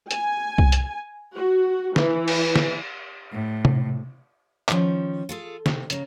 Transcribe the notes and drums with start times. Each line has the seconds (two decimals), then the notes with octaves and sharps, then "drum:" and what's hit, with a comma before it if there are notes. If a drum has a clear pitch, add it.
0.11 G#5, drum: hi-hat
0.58 drum: kick C2
0.72 drum: hi-hat
1.35 F#4
1.96 E3, drum: snare
2.28 drum: cymbal
2.56 drum: snare
3.32 A2
3.65 drum: tom C3
4.68 D#3 F3 C#4, drum: clap
5.29 F4 G#4 A4
5.66 C3, drum: snare
5.90 C#3 A#3, drum: hi-hat